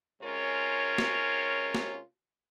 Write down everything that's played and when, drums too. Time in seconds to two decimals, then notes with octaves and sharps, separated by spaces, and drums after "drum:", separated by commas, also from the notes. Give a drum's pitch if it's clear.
0.22 C3 G#3 C#4 F4 A#4 C#5
0.98 drum: snare
1.75 drum: snare